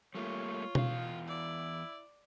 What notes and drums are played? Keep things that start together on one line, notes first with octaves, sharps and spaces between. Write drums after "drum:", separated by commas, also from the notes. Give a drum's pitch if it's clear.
G3 A3 A#3 F4 C#5
E2 F5, drum: tom B2
E4 D5